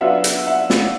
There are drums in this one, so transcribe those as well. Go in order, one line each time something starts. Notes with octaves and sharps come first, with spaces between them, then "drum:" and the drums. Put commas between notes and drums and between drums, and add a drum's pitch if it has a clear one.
F#3 B3 D4 F4 E5 F#5
drum: hi-hat
E5 F#5
drum: snare